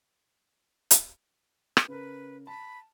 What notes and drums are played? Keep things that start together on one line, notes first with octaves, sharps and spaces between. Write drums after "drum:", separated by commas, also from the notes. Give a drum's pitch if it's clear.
drum: hi-hat
drum: rim click
C#3 A#4 B4
A5 B5